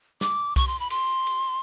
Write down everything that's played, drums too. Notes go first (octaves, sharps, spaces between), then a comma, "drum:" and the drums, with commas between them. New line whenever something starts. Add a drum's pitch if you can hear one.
D6, drum: snare
C#6, drum: kick B1, cymbal
C6
B5
C6, drum: cymbal
drum: cymbal